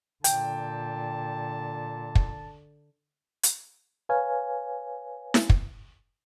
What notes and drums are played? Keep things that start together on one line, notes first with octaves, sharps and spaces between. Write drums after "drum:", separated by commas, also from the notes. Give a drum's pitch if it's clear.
A#2 D3 G5 A5, drum: hi-hat
drum: kick
drum: hi-hat
B4 C#5 F5 G#5
drum: snare E4
drum: kick